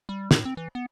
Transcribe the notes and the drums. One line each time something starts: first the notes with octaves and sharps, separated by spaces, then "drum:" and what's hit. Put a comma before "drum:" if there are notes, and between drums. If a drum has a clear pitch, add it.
G3
A2, drum: snare
C4
E3
B3